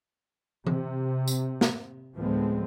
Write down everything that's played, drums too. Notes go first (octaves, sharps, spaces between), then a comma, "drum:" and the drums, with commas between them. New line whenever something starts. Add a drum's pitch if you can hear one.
C3, drum: tom E3
drum: tambourine
drum: snare
D2 A2 F3 G#3 B3 C4